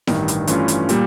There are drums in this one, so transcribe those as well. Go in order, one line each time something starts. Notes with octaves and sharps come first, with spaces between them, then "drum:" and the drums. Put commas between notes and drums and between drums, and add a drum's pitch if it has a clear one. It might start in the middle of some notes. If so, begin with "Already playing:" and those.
A1 G2 D#3, drum: snare E4
drum: hi-hat
G2 E3 A3 C#4 F4, drum: hi-hat
drum: hi-hat
A#2 G3 A#3, drum: hi-hat